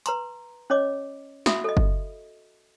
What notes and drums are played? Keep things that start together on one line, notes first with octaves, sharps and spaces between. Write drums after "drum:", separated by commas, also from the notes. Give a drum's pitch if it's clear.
B4 A#5 C6, drum: hi-hat
C#4 C#5 D#5 D6
F#4 E5 B5 D#6, drum: snare
A4 D#5
drum: kick F#1